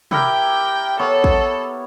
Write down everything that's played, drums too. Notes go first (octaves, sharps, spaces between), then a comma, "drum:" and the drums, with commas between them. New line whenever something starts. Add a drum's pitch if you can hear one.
E4 G4 A#4 G5, drum: tom
B3 A4 C#5
drum: kick